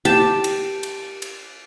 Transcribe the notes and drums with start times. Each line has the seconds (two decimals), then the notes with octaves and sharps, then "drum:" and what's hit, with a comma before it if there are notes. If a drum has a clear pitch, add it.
0.05 G4 A5, drum: cymbal
0.44 drum: cymbal
0.83 drum: cymbal
1.22 drum: cymbal